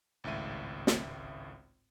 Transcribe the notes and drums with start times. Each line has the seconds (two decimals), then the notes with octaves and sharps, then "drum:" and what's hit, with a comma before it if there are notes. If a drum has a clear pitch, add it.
0.24 G#1 C#2 A2 E5 D#7
0.87 drum: snare